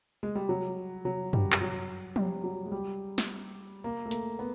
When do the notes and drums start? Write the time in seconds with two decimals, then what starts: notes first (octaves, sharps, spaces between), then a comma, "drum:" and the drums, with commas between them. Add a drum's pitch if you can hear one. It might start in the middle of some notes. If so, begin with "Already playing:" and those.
0.23 G#3
0.35 G3
0.49 F#3
1.05 F#3
1.33 G3, drum: tom F#2
1.52 drum: clap
1.61 F#3
2.16 G3, drum: tom F3
2.44 F#3
2.66 G#3
2.72 G3
3.18 drum: snare
3.84 A#3
4.06 A3
4.11 A#3, drum: hi-hat
4.39 B3